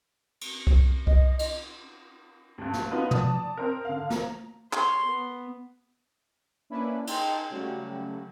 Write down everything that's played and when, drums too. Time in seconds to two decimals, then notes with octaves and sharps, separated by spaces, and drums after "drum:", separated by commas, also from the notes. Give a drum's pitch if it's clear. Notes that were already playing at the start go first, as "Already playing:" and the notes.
0.41 drum: cymbal
0.67 drum: kick C2
1.07 D#5, drum: kick C2
1.39 drum: cymbal
2.58 D2 G2
2.74 drum: snare
2.91 B3 D#4 F4 F#4 B4
3.11 D5 A5 D#6, drum: tom
3.57 C4 A#4
3.85 D3 F5
4.10 A#5, drum: snare
4.73 C#5 C6, drum: clap
5.07 B3
6.70 A#3 C#4 D4 E4 B4
7.07 D#4 G#4 G5 A5 C6, drum: cymbal
7.50 C#3 F#3 G3 A3